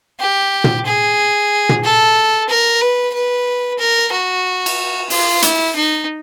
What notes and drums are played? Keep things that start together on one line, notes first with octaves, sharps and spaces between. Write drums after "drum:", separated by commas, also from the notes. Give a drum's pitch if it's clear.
G4
drum: tom
G#4
drum: tom
A4
A#4
B4
B4
A#4
F#4
drum: cymbal
F4, drum: open hi-hat
E4, drum: hi-hat
D#4